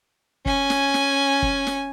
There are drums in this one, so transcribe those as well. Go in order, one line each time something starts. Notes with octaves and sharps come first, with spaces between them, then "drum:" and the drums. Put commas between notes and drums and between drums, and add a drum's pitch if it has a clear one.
C#4 G#5, drum: kick
drum: snare
drum: snare
drum: kick
drum: snare